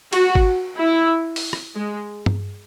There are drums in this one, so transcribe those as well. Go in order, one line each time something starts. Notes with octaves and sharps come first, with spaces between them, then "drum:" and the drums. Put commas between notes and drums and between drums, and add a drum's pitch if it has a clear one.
F#4, drum: cymbal
drum: kick G#1
E4
drum: open hi-hat
drum: rim click
G#3
drum: tom G2